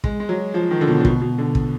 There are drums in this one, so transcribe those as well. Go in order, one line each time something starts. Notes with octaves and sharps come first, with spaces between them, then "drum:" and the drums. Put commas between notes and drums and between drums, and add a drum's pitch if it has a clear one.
G#3, drum: kick
G#3
F#3
F3
D#3
D3
B2
D3
B2, drum: kick
B2
D3
drum: kick